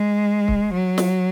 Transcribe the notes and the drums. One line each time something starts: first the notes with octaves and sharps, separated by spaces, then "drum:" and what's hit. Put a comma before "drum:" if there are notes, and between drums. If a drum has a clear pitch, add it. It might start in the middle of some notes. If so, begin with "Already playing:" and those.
Already playing: G#3
drum: kick C#1
F#3
drum: snare